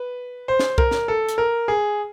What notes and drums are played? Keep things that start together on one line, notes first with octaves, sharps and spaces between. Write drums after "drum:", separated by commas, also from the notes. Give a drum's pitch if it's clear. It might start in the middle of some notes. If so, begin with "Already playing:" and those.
Already playing: B4
C5
drum: snare
A#4, drum: kick C2
drum: snare
A4
drum: hi-hat
A#4
G#4